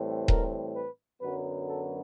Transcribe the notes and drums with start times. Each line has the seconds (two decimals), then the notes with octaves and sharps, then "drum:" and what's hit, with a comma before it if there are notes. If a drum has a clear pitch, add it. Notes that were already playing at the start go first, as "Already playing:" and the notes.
Already playing: A2 E3 G3 C4
0.28 A#4, drum: kick D#1
0.75 B4
1.21 F#2 D3 F#3 B3 B4
1.67 A4